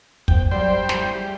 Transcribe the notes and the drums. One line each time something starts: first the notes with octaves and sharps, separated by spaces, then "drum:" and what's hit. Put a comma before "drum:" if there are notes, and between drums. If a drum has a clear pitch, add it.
B3 C5 G5, drum: kick
G2 F#3 G3 C5 D5 G5
drum: snare
E4
G#3 G4